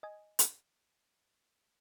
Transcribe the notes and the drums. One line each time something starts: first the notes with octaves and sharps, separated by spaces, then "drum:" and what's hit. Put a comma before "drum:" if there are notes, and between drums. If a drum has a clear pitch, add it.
D#5 G#5
drum: hi-hat